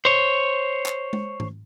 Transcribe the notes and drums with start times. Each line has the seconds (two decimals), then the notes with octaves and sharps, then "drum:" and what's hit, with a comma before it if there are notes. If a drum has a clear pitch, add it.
0.05 C5 C#5
0.86 drum: clap
1.13 drum: tom G#3
1.40 drum: tom